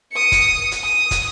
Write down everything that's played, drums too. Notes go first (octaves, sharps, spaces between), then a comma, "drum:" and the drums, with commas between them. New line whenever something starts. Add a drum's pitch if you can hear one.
D#6 C#7
drum: kick, hi-hat
drum: hi-hat
D#6
drum: kick, hi-hat